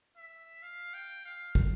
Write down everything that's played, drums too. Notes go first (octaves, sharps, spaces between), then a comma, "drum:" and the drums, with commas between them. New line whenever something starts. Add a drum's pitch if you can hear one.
E5
F5
G5
F5
drum: kick